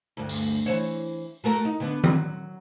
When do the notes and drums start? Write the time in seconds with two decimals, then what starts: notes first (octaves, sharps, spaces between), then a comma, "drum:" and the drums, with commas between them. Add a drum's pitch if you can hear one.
0.17 D2 G2
0.29 drum: open hi-hat
0.66 E3 C5 C#5
1.44 F#3 A3 A#4
1.65 D#4
1.80 D3 B3 D4
2.04 F#3, drum: tom D#3